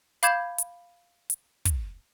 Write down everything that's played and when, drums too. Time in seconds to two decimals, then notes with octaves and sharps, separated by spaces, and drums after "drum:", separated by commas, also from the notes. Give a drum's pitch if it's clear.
0.23 F5 B5 D6 G6 G#6 E7, drum: hi-hat
0.58 drum: hi-hat
1.30 drum: hi-hat
1.65 drum: kick, hi-hat